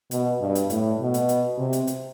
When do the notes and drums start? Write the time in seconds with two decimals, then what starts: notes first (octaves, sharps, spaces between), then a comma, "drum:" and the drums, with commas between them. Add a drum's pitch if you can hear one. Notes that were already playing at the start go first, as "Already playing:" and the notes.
0.11 B2, drum: hi-hat
0.40 G2
0.55 drum: hi-hat
0.70 A2, drum: hi-hat
1.00 B2
1.14 drum: hi-hat
1.29 drum: hi-hat
1.58 C3
1.73 drum: hi-hat
1.87 drum: hi-hat